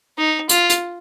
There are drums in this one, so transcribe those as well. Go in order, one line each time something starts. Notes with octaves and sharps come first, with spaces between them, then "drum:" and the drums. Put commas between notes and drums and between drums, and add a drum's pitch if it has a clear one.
D#4
F4, drum: hi-hat
drum: hi-hat